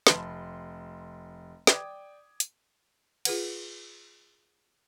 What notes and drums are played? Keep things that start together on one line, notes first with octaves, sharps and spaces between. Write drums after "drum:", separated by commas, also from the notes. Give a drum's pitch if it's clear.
F1 A5 B5 C6, drum: snare
D5 G5 D6 D#6 G#6, drum: snare
drum: hi-hat
F4 G#4 B4 F#5, drum: cymbal